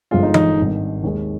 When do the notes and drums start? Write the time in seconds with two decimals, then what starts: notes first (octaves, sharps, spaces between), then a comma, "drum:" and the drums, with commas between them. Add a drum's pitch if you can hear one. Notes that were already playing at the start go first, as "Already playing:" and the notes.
0.11 G1 G2 F3 G#3 F4
0.23 D#4
0.34 D#4, drum: tom E3
0.57 G#1 G2 D#3
1.03 D#2 D#3 G#3